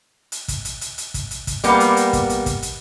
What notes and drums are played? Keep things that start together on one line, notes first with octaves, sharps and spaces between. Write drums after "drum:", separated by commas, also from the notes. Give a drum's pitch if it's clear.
drum: hi-hat
drum: kick, hi-hat
drum: hi-hat
drum: hi-hat
drum: hi-hat
drum: kick, hi-hat
drum: hi-hat
drum: kick, hi-hat
G3 A#3 B3, drum: hi-hat
drum: hi-hat
drum: hi-hat
drum: kick, hi-hat
drum: hi-hat
drum: kick, hi-hat
drum: hi-hat